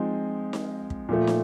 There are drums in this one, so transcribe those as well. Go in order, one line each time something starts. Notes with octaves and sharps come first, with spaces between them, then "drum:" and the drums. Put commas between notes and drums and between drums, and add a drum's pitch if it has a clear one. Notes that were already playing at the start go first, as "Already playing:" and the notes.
Already playing: F3 G#3 C4 D#4
drum: snare
drum: kick
A#2 F3 A3
drum: snare